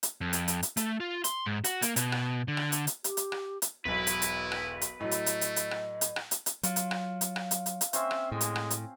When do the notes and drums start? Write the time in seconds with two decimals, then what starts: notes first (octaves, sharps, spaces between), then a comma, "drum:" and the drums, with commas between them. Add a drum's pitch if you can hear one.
0.03 drum: hi-hat
0.21 F2
0.33 drum: hi-hat
0.48 drum: hi-hat
0.63 drum: hi-hat
0.77 A3, drum: hi-hat
1.00 F4
1.24 C6, drum: hi-hat
1.46 G#2
1.64 F#4, drum: hi-hat
1.82 A#3, drum: hi-hat
1.96 B2, drum: hi-hat
2.12 drum: rim click
2.48 D3
2.57 drum: rim click
2.72 drum: hi-hat
2.87 drum: hi-hat
3.04 G4, drum: hi-hat
3.17 drum: hi-hat
3.32 drum: rim click
3.62 drum: hi-hat
3.85 E1 B1 E4 B4
4.07 drum: hi-hat
4.22 drum: hi-hat
4.52 drum: rim click
4.82 drum: hi-hat
5.00 A2 F#3 A3 D#5
5.11 drum: hi-hat
5.26 drum: hi-hat
5.41 drum: hi-hat
5.56 drum: hi-hat
5.71 drum: rim click
6.01 drum: hi-hat
6.16 drum: rim click
6.31 drum: hi-hat
6.46 drum: hi-hat
6.63 F#3 F4, drum: hi-hat
6.76 drum: hi-hat
6.91 drum: rim click
7.21 drum: hi-hat
7.36 drum: rim click
7.51 drum: hi-hat
7.66 drum: hi-hat
7.81 drum: hi-hat
7.93 C4 C#4 E5 C6, drum: hi-hat
8.11 drum: rim click
8.32 A2 G#3
8.41 drum: hi-hat
8.56 drum: rim click
8.71 drum: hi-hat